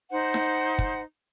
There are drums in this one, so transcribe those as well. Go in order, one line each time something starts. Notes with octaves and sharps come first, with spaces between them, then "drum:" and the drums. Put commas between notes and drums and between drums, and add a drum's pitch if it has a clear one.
D#4 C5 F#5
drum: snare D#4
drum: kick